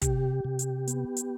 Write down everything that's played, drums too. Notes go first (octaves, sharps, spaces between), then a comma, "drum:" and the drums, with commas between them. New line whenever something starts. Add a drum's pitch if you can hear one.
C3 G4, drum: kick, hi-hat
C3
drum: hi-hat
B3, drum: hi-hat
drum: hi-hat